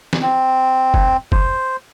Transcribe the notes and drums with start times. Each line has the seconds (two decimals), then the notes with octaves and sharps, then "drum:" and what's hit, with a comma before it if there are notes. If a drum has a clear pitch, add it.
0.13 drum: snare
0.22 C4
0.94 drum: kick
1.32 C5, drum: kick